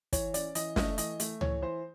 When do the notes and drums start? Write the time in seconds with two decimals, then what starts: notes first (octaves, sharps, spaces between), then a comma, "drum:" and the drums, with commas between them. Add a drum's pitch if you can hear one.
0.13 E3 C#5, drum: kick, hi-hat
0.34 C#4 D5, drum: hi-hat
0.55 E3 D#5, drum: hi-hat
0.76 A3 D#5, drum: snare
0.98 E3 D#5, drum: hi-hat
1.20 A3, drum: hi-hat
1.41 E3 C#5, drum: tom C#2
1.62 E3 C5